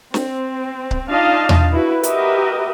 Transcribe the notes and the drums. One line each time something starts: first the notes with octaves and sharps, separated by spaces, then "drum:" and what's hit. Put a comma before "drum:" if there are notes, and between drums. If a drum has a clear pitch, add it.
C4, drum: snare
drum: kick C#1
D4 D#4 F4 D#5 F5 A5
drum: tom E2
E4 F#4 B4
F#4 G4 A#4 B4 D#5 E5, drum: hi-hat